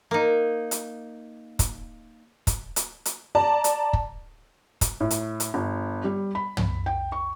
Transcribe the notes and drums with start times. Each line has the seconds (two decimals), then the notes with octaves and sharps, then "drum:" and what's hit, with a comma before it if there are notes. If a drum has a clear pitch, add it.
0.11 A#3 D#4
0.71 drum: hi-hat
1.59 drum: kick, hi-hat
2.47 drum: kick, hi-hat
2.76 drum: hi-hat
3.05 drum: hi-hat
3.35 D5 A5 A#5
3.64 drum: hi-hat
3.93 drum: kick
4.81 drum: kick, hi-hat
5.00 A2
5.11 drum: hi-hat
5.40 drum: hi-hat
5.54 G1
6.04 G3
6.35 B5
6.57 drum: tom
6.86 G5
7.12 C#6